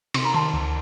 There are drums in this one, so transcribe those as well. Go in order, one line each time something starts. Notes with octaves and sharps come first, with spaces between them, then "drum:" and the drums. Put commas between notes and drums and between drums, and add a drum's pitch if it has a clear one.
C3 C6, drum: cymbal
A#5
D#3 A5 C6
D2